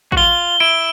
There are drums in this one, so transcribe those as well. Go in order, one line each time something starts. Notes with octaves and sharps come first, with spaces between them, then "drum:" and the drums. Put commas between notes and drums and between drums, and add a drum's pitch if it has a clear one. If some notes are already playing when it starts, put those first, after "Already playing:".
F#4, drum: kick
F4 G7
E4 D7